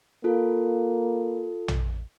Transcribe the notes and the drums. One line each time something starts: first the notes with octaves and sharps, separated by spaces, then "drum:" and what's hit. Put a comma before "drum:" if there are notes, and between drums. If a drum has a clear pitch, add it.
A#3 F4 A4
drum: tom A#1